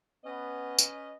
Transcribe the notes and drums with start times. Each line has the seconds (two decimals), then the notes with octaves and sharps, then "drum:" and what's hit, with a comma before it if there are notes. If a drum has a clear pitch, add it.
0.24 B3 C#4 B4 D#5
0.79 drum: tambourine